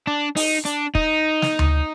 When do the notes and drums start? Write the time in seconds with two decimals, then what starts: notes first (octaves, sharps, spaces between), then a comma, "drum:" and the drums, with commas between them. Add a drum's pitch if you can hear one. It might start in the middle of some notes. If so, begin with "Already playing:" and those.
0.07 D4
0.37 D#4, drum: open hi-hat
0.65 D4, drum: hi-hat
0.95 D#4, drum: kick
1.42 drum: snare
1.59 drum: tom D2